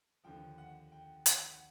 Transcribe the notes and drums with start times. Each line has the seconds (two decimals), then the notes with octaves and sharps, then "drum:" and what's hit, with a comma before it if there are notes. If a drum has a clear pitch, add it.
0.24 D#2 D3 F3 G5
0.58 F#5
0.92 G5
1.26 F#5, drum: hi-hat
1.52 F#5